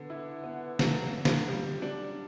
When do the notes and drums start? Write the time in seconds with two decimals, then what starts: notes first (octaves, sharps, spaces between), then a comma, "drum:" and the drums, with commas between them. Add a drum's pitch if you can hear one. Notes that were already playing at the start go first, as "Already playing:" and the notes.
Already playing: D3 B3
0.10 E4
0.44 B3
0.79 F#3, drum: snare
1.13 F#3
1.25 drum: snare
1.48 G3
1.82 D4